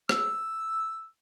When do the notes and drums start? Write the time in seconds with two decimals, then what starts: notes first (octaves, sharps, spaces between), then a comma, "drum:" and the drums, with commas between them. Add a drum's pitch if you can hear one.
0.09 E6, drum: rim click